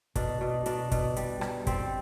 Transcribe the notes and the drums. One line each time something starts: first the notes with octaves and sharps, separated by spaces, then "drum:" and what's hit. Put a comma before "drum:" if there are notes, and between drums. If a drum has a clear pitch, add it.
B2 D4, drum: kick, hi-hat
B2
B2 D4, drum: hi-hat
B2, drum: kick, hi-hat
G3, drum: hi-hat
G3, drum: rim click
G3 C4, drum: kick, hi-hat